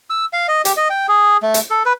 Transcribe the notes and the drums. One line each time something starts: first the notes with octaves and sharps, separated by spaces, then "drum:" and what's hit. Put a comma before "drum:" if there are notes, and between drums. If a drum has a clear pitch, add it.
E6
F5
D#5
G4, drum: hi-hat
D#5
G5
G#4
A3
drum: hi-hat
A4
B4